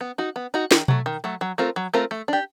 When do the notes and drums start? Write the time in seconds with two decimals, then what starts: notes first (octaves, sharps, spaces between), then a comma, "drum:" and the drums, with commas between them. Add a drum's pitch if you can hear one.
0.01 B3
0.18 D#4 F#4
0.36 B3
0.54 D#4 F#4
0.71 D#3, drum: snare
0.88 F#3 A3, drum: tom B2
1.06 D#3
1.24 F#3 A3
1.41 F#3
1.58 A3 C4 F4 A#4
1.76 F#3
1.94 A3 C4 F4 A#4
2.11 A3
2.28 D4 G4